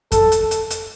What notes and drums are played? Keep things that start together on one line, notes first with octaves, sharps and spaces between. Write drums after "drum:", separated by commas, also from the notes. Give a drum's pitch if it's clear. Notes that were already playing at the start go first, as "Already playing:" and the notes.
A4, drum: kick F2, hi-hat
drum: hi-hat
drum: hi-hat
drum: hi-hat